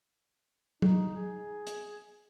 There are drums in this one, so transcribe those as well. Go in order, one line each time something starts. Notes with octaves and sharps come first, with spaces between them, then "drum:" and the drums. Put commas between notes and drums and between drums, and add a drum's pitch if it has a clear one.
D#4, drum: tom
G#4
drum: hi-hat